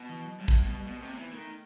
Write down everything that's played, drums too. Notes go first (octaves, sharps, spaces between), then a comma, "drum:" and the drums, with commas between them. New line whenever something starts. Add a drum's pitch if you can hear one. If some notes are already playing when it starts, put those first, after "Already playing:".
Already playing: B2
E3
F#3
A2 G3
F#3, drum: kick
G3
B2
G3
B2 A3
C3
B3
E3
D#3 A3